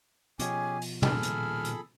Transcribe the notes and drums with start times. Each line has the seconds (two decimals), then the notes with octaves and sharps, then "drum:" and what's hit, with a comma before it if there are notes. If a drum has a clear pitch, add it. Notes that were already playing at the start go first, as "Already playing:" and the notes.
0.39 B2 F3 C#4 G4 G#4 G#5, drum: hi-hat
0.81 drum: open hi-hat
1.02 A#2 D#3 G#4 A4 B5 F6, drum: tom
1.23 drum: hi-hat
1.65 drum: hi-hat